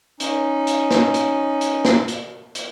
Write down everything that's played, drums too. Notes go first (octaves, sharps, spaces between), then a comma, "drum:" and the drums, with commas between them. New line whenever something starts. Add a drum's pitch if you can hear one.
C#4 D#4, drum: hi-hat
drum: hi-hat
drum: snare
drum: hi-hat
drum: hi-hat
drum: snare
drum: hi-hat
drum: hi-hat